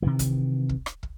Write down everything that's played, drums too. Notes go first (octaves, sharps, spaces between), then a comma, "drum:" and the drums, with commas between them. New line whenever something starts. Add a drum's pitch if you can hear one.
C3 D#3 E3
drum: kick, hi-hat
drum: kick
drum: rim click
drum: kick